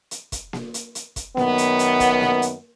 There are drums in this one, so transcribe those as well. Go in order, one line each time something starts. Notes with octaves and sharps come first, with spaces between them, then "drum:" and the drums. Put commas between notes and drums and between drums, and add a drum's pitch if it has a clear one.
drum: hi-hat
drum: kick, hi-hat
drum: snare A#3
drum: hi-hat
drum: hi-hat
drum: kick, hi-hat
F#2 D#3 B3, drum: snare A#3
drum: hi-hat
drum: hi-hat
drum: kick, hi-hat
drum: snare A#3
drum: hi-hat